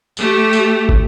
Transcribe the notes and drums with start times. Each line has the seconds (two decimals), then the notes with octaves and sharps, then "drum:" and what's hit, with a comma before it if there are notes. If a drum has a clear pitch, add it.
0.17 A3 G4, drum: tambourine
0.53 drum: tambourine
0.89 drum: kick